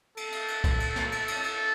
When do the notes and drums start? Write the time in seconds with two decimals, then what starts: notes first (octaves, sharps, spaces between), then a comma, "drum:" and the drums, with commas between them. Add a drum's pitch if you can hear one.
0.17 A4, drum: cymbal
0.32 drum: cymbal
0.48 drum: cymbal
0.64 drum: kick B1, cymbal
0.80 drum: cymbal
0.96 drum: snare
1.12 drum: cymbal
1.28 drum: cymbal
1.43 A4, drum: cymbal